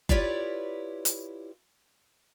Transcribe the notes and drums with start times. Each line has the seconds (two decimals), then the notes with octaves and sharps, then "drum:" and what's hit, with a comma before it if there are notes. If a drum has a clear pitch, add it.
0.09 E4 F4 G4 B4 C#5 D5, drum: kick F#1
1.05 drum: hi-hat